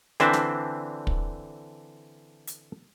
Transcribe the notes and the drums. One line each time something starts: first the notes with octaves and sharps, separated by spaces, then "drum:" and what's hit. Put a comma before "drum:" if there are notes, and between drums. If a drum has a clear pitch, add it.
D3 E3 C4 D4 C5 E5, drum: snare
drum: snare
drum: kick
drum: hi-hat